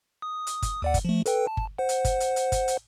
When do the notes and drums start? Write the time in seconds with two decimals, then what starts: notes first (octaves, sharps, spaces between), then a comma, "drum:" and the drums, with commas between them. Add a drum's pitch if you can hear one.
0.22 D#6
0.47 drum: hi-hat
0.62 drum: kick G1, hi-hat
0.82 D#2 D5 F#5
0.94 drum: kick G1, hi-hat
1.05 F3 A3
1.26 A4 B4 G5, drum: hi-hat
1.47 A5
1.57 drum: kick G1
1.78 C5 F#5
1.89 drum: hi-hat
2.05 drum: kick G1, hi-hat
2.20 drum: hi-hat
2.36 drum: hi-hat
2.52 drum: kick G1, hi-hat
2.68 drum: hi-hat